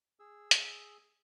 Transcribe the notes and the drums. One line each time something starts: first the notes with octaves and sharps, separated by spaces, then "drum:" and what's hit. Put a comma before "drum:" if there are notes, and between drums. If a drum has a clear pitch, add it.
G#4 E6
drum: hi-hat